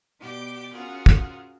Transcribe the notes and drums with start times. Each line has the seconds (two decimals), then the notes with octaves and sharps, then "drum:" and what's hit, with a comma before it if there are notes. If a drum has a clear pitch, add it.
0.18 B2 G4 D5 D6 G6
0.71 C#4 F4 F#4 G#4 A#4
1.06 drum: kick